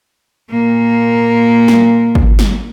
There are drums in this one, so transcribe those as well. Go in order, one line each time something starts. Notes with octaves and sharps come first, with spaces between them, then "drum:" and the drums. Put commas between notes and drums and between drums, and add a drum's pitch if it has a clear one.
A#2 A#3
drum: snare
drum: kick
drum: snare